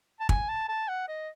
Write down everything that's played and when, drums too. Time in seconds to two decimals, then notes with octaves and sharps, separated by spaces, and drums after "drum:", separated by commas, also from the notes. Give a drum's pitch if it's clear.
0.20 A5
0.29 G#5, drum: kick
0.48 A5
0.68 A5
0.88 F#5
1.08 D#5